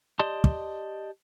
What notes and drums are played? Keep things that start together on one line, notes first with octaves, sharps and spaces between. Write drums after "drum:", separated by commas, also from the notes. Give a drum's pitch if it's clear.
G4 D5 D#5 A5 C6
drum: kick